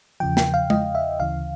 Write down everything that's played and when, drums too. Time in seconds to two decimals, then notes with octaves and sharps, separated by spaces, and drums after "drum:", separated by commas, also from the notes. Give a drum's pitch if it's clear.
0.20 E2 C#3 F3 G5
0.37 G5, drum: snare
0.54 F5
0.70 D#5, drum: tom G#3
0.95 E5
1.20 D2 C#3 E3 F5